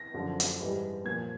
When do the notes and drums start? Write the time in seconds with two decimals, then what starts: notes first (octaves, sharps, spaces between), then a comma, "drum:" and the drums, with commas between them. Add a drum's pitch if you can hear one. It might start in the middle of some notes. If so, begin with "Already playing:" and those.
Already playing: A#6
0.14 F#2 D3 F3
0.40 drum: hi-hat
0.60 G#2 E3 G3
1.05 A#2 F3 G#6